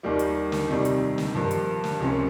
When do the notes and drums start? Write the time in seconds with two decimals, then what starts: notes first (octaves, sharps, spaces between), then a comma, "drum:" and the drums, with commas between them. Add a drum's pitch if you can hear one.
0.03 D#2 D#3 G3 A#3
0.19 drum: hi-hat
0.52 drum: snare
0.68 F2 C3 D#3 G3
0.85 drum: hi-hat
1.18 drum: snare
1.34 G2 F3 A#3
1.51 drum: hi-hat
1.84 drum: snare
2.00 C#2 C3 F3 A#3 C#4